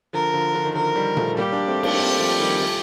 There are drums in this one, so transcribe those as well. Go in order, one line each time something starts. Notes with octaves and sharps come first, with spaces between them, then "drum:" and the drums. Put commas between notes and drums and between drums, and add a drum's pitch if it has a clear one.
D3 F3 A#4
D3 F3
D3 F3
D#3
D3 F3 A#4
D#3 G3
F3 A3, drum: tom A#2
G3 A#3 G4
A#3 D4
A3 C4
A#3 D4, drum: cymbal
A3 C4
F3 A3
D#3 G3
F3 A3